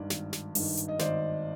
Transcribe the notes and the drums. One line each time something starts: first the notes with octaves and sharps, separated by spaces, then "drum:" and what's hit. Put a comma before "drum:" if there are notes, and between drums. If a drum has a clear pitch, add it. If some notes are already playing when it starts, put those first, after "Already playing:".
Already playing: G#1 G2 D#3 D5
G#1, drum: snare
drum: snare
G2 D#3, drum: open hi-hat
drum: hi-hat
D#5
G#1 C5 D5, drum: snare